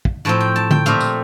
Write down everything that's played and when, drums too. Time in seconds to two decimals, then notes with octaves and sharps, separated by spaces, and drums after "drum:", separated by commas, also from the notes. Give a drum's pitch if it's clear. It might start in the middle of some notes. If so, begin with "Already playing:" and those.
0.05 drum: kick
0.25 A2 F3 C4 A5
0.40 G5
0.56 A5
0.71 G5, drum: tom D3
0.86 A#2 A3 C4 F5
1.00 drum: tambourine